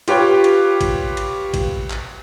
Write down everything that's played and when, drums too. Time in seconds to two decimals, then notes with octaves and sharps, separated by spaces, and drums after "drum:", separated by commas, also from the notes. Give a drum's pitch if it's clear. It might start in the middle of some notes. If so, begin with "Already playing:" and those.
0.08 F4 G4 B4 C#5 G5, drum: cymbal
0.44 drum: cymbal
0.81 drum: kick A1, cymbal
1.17 drum: cymbal
1.54 drum: kick A1, cymbal
1.90 drum: clap